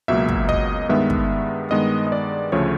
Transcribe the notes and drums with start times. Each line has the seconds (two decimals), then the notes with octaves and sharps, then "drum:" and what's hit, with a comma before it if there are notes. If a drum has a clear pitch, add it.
0.08 C#2 B2 F#3 A#3 E5
0.29 drum: kick
0.49 D#5, drum: kick
0.89 G2 D#3 G#3 B3 E5
1.10 drum: kick
1.71 G2 D#3 G#3 B3 D#5
2.07 D#5
2.12 D5
2.52 D2 C#3 F3 A3 C#5